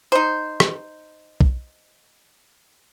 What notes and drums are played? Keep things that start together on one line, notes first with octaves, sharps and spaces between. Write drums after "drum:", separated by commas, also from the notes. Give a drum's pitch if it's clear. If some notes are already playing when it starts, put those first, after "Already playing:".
D#4 C5
drum: rim click
drum: kick